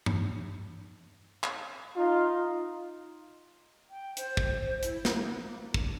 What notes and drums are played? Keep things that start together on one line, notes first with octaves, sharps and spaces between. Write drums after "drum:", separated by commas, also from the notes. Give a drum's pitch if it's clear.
drum: tom G2
drum: clap
D#4 F4
G5
C5, drum: hi-hat
drum: kick
E4, drum: hi-hat
drum: snare
B3
A#3
D4, drum: kick